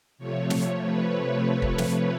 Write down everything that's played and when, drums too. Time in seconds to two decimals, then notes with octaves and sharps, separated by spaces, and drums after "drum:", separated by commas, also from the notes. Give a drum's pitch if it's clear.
0.18 C3 F3 A3 C#5
0.50 drum: snare
0.82 B4
1.62 drum: kick
1.78 drum: snare